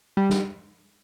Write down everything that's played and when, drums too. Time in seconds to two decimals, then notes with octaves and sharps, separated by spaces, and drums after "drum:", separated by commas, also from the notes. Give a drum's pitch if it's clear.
0.17 G3
0.30 drum: snare